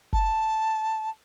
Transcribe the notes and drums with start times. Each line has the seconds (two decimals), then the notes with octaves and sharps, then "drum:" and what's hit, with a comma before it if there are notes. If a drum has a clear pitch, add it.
0.13 A5, drum: kick